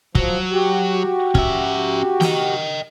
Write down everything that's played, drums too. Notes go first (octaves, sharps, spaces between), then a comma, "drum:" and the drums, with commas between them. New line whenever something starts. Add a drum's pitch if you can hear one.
F3 F#3, drum: kick
F#4 G4
C#4 E5, drum: kick
D#5 G5, drum: snare